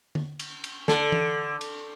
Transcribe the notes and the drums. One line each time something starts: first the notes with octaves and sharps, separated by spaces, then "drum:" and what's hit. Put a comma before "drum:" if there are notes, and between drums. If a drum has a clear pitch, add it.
drum: tom D3
drum: cymbal
drum: cymbal
D3 A4, drum: snare
drum: tom E3
drum: cymbal